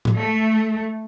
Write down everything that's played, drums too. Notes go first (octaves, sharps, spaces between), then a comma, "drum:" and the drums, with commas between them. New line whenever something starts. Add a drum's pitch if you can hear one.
drum: tom A2
A3